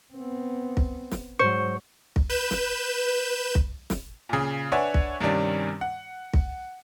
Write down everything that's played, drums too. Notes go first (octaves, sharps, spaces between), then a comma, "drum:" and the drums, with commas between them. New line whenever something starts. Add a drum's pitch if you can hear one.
B3 C4
drum: kick
drum: snare
G#2 F#3 C5 C#6
drum: kick
B4 G6 E7
drum: snare
drum: kick
drum: snare
A#2 C#3
D4 B4 C#5 E5 F#5 G#5
drum: kick
G2 C3 D#3 G3 C#4 D4
F#5
drum: kick